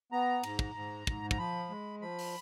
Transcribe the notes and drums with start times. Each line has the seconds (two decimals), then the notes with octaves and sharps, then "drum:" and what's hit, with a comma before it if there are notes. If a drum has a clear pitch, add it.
0.12 B3 A#5
0.43 G#2, drum: cymbal
0.59 drum: kick
0.75 G#2
1.07 G#2, drum: kick
1.31 A#5, drum: kick
1.38 F3 B5
1.70 G#3
2.01 F3 B5
2.19 drum: open hi-hat